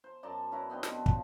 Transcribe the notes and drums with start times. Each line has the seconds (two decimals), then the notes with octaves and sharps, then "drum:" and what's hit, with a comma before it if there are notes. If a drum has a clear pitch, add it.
0.04 C5
0.23 F#2 D5 A5 A#5
0.52 C#4 E4 B4 A#5
0.70 B3 C4 D4 D#5
0.83 D3, drum: snare
1.06 F3, drum: kick